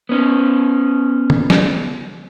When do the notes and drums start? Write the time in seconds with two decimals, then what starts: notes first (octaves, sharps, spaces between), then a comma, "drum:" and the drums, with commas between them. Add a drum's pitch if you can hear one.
0.09 B3 C#4
1.30 drum: tom
1.50 drum: snare